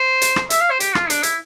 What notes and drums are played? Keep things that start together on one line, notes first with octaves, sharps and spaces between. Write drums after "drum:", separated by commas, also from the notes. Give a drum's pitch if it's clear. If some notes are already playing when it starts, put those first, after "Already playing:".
Already playing: C5
drum: hi-hat
drum: rim click
E5, drum: hi-hat
F5
C5
G4, drum: hi-hat
F4, drum: rim click
D4, drum: hi-hat
E4, drum: hi-hat